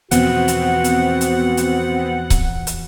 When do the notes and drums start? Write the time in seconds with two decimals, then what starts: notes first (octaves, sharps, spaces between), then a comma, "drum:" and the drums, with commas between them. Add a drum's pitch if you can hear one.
0.11 E2 B2 F3 B3 C4 F#4 F#5, drum: hi-hat
0.48 drum: hi-hat
0.84 drum: hi-hat
1.21 drum: hi-hat
1.57 drum: hi-hat
2.30 drum: kick C#1, hi-hat
2.67 drum: hi-hat